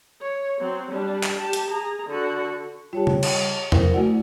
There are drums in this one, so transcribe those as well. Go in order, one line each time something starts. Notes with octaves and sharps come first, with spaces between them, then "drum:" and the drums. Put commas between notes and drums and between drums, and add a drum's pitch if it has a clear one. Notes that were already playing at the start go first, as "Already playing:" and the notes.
C#5
F#3 C4
G3 D4
drum: clap
G4 A5
drum: hi-hat
G#4 A#5
D3 F#4
G3 F4 G4 C#5 A5
drum: tom C#3
drum: cymbal
E4 A#4 C5, drum: tom E2
A3 E4 F#4 D5 F#5